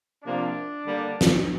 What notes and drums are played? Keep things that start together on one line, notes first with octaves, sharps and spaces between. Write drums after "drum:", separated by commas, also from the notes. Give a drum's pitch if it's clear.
C3 F3 A#3 D4
D3 G3 A#3
drum: snare